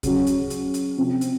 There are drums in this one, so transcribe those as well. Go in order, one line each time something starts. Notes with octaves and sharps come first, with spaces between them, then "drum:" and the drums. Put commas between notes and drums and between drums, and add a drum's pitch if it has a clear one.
C#3 F#3 C#4 F#4, drum: kick D#2, hi-hat
drum: hi-hat
drum: hi-hat
drum: hi-hat
C3 F3 C4
drum: hi-hat